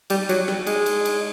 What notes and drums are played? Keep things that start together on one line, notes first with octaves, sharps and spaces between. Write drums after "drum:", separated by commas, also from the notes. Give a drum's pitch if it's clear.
G3, drum: cymbal
F#3, drum: cymbal
G3, drum: rim click
G#3, drum: cymbal
drum: cymbal
drum: cymbal